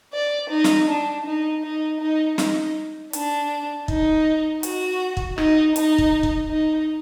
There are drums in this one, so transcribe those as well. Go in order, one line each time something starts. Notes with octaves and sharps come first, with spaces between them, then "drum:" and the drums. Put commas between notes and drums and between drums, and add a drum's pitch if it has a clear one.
D5
D#4
drum: snare
D4
D#4
D#4
D#4
D#4, drum: snare
D4, drum: hi-hat
D#4, drum: kick
F#4, drum: hi-hat
drum: kick
D#4, drum: rim click
D#4, drum: hi-hat
drum: kick
drum: kick
D#4